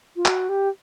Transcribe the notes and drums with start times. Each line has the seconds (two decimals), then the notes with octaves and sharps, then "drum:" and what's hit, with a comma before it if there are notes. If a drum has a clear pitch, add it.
0.16 F4
0.25 F#4, drum: clap
0.49 G4